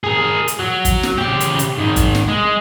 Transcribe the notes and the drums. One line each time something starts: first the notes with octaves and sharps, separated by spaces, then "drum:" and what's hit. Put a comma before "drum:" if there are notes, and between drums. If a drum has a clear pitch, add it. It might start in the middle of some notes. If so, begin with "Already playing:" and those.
G#4 A#4
drum: hi-hat
F#3
drum: kick, hi-hat
drum: snare
C#3 G4
drum: hi-hat
drum: hi-hat
G#2 D#3
drum: kick, hi-hat
drum: snare
G#3